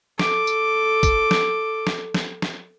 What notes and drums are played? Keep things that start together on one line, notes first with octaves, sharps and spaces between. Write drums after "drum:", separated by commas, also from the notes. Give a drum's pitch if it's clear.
A4 D6, drum: snare
drum: tambourine
drum: kick, tambourine
drum: snare
drum: snare
drum: snare
drum: snare